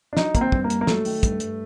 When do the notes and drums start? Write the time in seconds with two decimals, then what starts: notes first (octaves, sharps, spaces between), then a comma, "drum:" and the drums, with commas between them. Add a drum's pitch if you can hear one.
0.13 D4
0.17 F#3 D#4, drum: snare
0.35 D#3 A#3, drum: kick, hi-hat
0.41 C4
0.52 G2, drum: kick
0.64 A#3
0.70 G2, drum: hi-hat
0.81 A#3
0.87 F#3 A3, drum: snare
1.05 D#3, drum: open hi-hat
1.23 G2, drum: kick, hi-hat
1.40 G2, drum: hi-hat